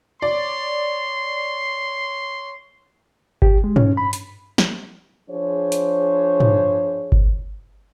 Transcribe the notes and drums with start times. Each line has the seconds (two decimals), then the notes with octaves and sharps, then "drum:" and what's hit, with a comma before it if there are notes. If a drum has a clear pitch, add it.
0.22 C#5 D5 C6
3.42 G4, drum: kick G1
3.64 G#3
3.76 C#4, drum: tom
3.97 B5
4.13 drum: hi-hat
4.58 drum: snare
5.30 F3 D4 G#4 C5 C#5
5.72 drum: hi-hat
6.40 drum: tom
7.12 drum: kick G1